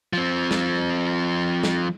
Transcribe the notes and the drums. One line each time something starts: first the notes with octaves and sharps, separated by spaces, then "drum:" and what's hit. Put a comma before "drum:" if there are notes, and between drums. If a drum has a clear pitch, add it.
F3 C4
drum: snare
drum: snare